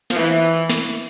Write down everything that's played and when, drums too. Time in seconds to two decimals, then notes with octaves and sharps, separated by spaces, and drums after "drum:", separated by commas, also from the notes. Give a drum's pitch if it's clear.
0.10 F3, drum: snare
0.15 E3
0.70 drum: snare